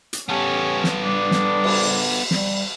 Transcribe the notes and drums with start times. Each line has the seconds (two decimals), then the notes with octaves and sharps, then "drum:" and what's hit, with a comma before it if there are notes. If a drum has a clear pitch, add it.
0.13 drum: hi-hat
0.29 B3 C#4 G4 A4
0.84 drum: snare
1.04 G3 D4
1.31 drum: snare
1.64 drum: cymbal
2.31 G3, drum: snare